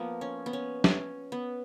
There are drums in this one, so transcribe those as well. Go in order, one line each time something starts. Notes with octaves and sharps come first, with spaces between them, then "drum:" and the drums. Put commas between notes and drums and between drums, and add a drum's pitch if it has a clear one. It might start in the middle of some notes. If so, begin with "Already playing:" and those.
Already playing: F3 A#3 B3
C#4
B3
C#4
C#4, drum: snare
B3